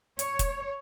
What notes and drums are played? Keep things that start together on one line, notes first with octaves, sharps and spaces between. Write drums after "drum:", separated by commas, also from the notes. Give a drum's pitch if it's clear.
C#5, drum: hi-hat
drum: kick, hi-hat